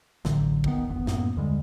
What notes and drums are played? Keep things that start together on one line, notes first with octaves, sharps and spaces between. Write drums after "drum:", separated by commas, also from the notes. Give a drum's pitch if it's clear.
A1 A2 D3 F#3, drum: snare
D#1 D#3 B3, drum: kick
D1 G1 E2 B3
F#2 A2 A#3 B3, drum: snare
D#2 D3 G3 G#3